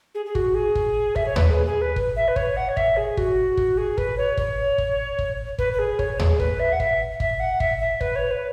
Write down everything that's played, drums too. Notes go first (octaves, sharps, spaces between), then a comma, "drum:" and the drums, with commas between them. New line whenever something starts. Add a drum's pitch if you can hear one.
G#4
G#4
F#4, drum: kick
G#4
drum: kick
E5, drum: kick
C#5
B4, drum: tom D#2
G#4
G#4
B4
drum: kick
E5
B4
C#5, drum: kick
F#5
C#5
E5, drum: kick
G#4
F#4, drum: kick
drum: kick
G#4
B4, drum: kick
C#5
C#5, drum: kick
drum: kick
drum: kick
B4, drum: kick
B4
G#4
C#5, drum: kick
G#4, drum: tom D#2
B4, drum: kick
E5
F#5
E5, drum: kick
E5, drum: kick
F#5
E5, drum: kick
E5
B4, drum: kick
C#5
B4